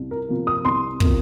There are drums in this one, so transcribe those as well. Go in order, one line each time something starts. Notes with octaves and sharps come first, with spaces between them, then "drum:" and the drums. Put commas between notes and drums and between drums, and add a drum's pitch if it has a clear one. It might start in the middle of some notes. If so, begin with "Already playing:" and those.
Already playing: C2
A#4
C3 F3 A#3
D#6
C2 C6
C3 F3 A#3, drum: kick